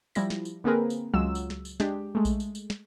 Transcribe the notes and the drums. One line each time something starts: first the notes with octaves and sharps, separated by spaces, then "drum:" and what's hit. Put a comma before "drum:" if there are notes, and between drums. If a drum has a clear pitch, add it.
F3 G3 E4 A#6, drum: tambourine
drum: snare
drum: tambourine
D3 A#3 C4 G#4 A#4 B4
drum: tambourine
C#2 F#3 G#3 F4 E6 E7
drum: tambourine
drum: snare
drum: tambourine
G#3 D4 G4, drum: snare
G#3 A3
drum: kick A#1, tambourine
drum: tambourine
drum: tambourine
drum: snare